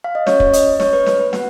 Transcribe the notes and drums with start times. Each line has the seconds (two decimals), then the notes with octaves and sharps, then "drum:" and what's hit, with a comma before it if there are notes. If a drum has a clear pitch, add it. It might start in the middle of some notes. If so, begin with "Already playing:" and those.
0.04 F5
0.15 D#5
0.27 C#4 F#4 C#5, drum: snare
0.40 drum: kick
0.53 D#5, drum: hi-hat
0.80 C#5, drum: snare
0.93 B4
1.06 B4, drum: snare
1.20 B4
1.33 B3 F#4 F#5, drum: snare